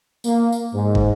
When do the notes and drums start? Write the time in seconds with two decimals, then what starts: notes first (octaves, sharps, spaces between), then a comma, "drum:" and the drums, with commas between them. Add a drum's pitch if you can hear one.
0.24 A#3, drum: tambourine
0.52 drum: tambourine
0.74 G#2
0.95 drum: kick